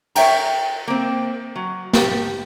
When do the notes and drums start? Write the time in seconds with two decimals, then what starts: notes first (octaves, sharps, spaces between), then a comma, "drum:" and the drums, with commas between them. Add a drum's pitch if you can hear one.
0.15 A#4 C#5 E5 G5 A#5, drum: cymbal
0.88 A#3 C4
1.56 F#3
1.93 A3 G4, drum: snare